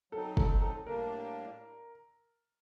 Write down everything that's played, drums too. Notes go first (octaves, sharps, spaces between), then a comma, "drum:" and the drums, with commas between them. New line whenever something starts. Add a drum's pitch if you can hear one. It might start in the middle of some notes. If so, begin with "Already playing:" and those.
F#3 C4 D#4 A4
A4, drum: kick F#1
A4
A2 G3 A#3 D4 A#4